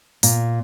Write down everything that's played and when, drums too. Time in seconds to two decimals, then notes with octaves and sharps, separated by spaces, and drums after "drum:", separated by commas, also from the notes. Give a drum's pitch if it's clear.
0.23 A#2, drum: open hi-hat